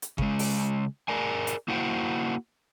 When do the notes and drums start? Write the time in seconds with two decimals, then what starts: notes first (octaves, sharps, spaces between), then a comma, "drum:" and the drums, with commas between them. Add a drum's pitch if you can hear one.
0.02 drum: hi-hat
0.18 C#3 G#3, drum: kick G1
0.39 drum: open hi-hat
1.08 G#4 A#4 D5 G#5
1.47 drum: hi-hat
1.68 A#3 E4 F#4 C5 G5